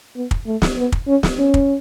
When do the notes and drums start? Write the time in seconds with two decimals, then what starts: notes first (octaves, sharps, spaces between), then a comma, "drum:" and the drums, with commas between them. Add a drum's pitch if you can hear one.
0.16 B3
0.31 drum: kick
0.46 A3
0.62 drum: snare
0.78 B3
0.92 drum: kick
1.08 C#4
1.23 drum: snare
1.39 C#4
1.54 drum: kick